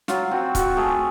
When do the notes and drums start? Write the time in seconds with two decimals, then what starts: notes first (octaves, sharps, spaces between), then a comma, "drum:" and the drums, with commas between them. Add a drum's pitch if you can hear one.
0.08 F#3 F4, drum: snare
0.31 C4 F#4
0.55 F4 F#4, drum: kick, hi-hat
0.76 A3 G#4